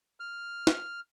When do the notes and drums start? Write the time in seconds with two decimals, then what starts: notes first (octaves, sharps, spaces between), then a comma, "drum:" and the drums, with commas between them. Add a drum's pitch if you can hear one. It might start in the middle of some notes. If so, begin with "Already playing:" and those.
0.20 F6
0.67 drum: snare